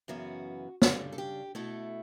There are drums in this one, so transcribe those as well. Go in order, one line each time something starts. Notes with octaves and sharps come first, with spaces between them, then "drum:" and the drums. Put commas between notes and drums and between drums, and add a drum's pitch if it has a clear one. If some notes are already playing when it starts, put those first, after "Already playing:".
F#2 C#3 E3 B3 F#4
C#3 G3 D4 A4, drum: snare
A4
G4
B2 A3 E4 A4